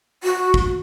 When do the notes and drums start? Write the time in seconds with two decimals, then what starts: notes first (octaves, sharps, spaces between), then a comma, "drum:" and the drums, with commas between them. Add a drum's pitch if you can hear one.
0.24 F#4
0.54 drum: kick